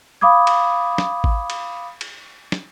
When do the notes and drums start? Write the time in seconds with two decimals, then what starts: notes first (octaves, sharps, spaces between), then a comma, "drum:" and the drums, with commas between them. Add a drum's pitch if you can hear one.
0.21 F5 B5 D6 D#6 G#6
0.47 drum: cymbal
0.98 drum: snare
1.24 drum: kick G#1
1.50 drum: cymbal
2.01 drum: cymbal
2.52 drum: snare